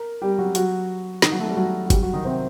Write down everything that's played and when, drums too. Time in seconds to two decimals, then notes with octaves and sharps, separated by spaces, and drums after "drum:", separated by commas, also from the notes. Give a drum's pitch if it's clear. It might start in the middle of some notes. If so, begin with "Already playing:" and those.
Already playing: A#4
0.22 G3 G4
0.38 F#3 F#4
0.55 F#3 F#4, drum: hi-hat
1.22 D#3 D#4, drum: snare
1.32 F#3 F#4
1.39 A3 A4
1.48 G3 G4
1.57 F#3 F#4
1.86 F#4
1.90 G3 G4, drum: kick G1, hi-hat
2.02 F#3 F#4
2.13 D#3 D#4
2.25 C3 C4